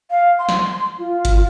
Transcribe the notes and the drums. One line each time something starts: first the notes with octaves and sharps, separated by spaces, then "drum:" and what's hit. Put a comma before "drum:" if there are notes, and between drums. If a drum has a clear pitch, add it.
F5
C6
drum: snare
F4
drum: kick G1, hi-hat